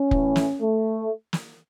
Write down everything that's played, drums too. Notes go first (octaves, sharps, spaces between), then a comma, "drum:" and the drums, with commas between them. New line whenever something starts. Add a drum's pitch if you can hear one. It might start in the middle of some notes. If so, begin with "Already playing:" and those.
Already playing: C#4
A2 E3, drum: kick
drum: snare
A3
drum: snare